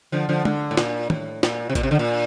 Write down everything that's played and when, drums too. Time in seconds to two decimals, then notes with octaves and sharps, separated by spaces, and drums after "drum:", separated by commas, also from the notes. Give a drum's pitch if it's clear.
0.12 D3 F3
0.29 D3 F3
0.45 D3, drum: tom
0.71 A2
0.77 A#2, drum: snare
1.10 A2, drum: tom
1.43 A#2, drum: snare
1.70 C3
1.75 A#2, drum: kick, hi-hat
1.83 C3
1.91 D3
1.99 A#2